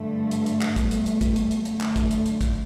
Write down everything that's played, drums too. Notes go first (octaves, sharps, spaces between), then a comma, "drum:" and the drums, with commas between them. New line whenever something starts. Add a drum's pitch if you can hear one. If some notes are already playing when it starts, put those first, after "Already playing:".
Already playing: G2 D3 G3 A3
drum: hi-hat
drum: hi-hat
drum: clap
E2 B2 G3 A3, drum: kick, hi-hat
drum: hi-hat
drum: hi-hat
drum: kick, hi-hat
drum: hi-hat
drum: hi-hat
F#2 D3 F#3 A3, drum: hi-hat
drum: clap
drum: kick, hi-hat
drum: hi-hat
drum: hi-hat
drum: kick, hi-hat